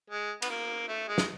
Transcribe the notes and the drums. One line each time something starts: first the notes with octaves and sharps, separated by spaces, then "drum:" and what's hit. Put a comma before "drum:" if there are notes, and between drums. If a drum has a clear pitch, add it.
G#3
B3, drum: cymbal
A#3
A3
G#3
drum: snare